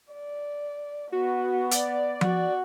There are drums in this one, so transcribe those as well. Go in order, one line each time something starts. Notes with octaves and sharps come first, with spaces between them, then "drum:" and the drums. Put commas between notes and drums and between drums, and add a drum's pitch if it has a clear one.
D5
B3 F#4
D5, drum: hi-hat
F#4, drum: tom F3